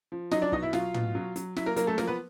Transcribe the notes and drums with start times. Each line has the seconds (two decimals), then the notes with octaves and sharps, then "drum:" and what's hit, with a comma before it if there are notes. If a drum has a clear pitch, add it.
0.12 F3
0.31 F#3 D#4 D#5, drum: snare
0.42 D4 D5
0.52 B2 D#4 D#5, drum: kick
0.62 E4 E5
0.73 F#3 F4 F5, drum: snare
0.94 B2, drum: tom
1.15 F#3
1.36 F#3, drum: hi-hat
1.56 F#3 E4 E5, drum: snare
1.66 A#3 A#4
1.76 F#3 A#3 A#4, drum: hi-hat
1.87 A3 A4
1.98 F3 A#3 A#4, drum: snare
2.08 B3 B4